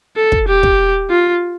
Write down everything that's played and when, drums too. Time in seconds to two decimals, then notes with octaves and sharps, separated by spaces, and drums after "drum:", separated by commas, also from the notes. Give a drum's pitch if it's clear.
0.16 A4
0.32 drum: kick
0.48 G4
0.63 drum: kick
1.10 F4